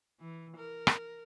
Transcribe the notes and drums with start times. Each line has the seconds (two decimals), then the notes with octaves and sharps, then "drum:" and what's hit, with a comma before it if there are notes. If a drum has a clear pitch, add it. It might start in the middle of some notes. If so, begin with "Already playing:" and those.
0.20 E3
0.57 A#4
0.87 drum: rim click